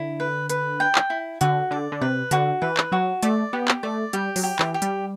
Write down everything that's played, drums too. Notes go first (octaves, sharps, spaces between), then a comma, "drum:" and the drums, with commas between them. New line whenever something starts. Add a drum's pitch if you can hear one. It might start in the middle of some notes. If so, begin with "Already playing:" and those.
Already playing: D3 E4
B4
B4, drum: hi-hat
G5
drum: clap
E4
D3 F#4, drum: hi-hat
D3 D5
D3
C3 B4
D3 F#4, drum: hi-hat
E3 B4
drum: clap
F#3 F#4
A3 D5, drum: hi-hat
B3 G4
drum: clap
A3 D5
G3 G4, drum: hi-hat
F#3, drum: open hi-hat
G4
E3, drum: clap
G4
G3, drum: hi-hat